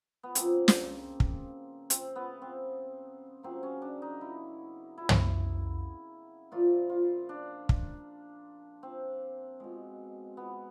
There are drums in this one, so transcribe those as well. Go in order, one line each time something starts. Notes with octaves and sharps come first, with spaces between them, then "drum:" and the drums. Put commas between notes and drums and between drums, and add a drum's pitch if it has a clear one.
B3
C#3 F3 A#3 C4, drum: hi-hat
drum: snare
drum: kick
C4, drum: hi-hat
B3
C4
C#3 F#3 A#3 C4
C#4
D4
D#4
E4
E4
drum: tom
A#2 F3 A#3 F4
F4
D4
drum: kick
C4
B2 G#3
B3